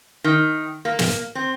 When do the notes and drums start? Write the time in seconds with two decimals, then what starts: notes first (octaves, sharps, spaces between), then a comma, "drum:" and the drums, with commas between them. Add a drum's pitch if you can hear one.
0.24 D#3
0.85 A#3
0.99 drum: snare
1.35 C4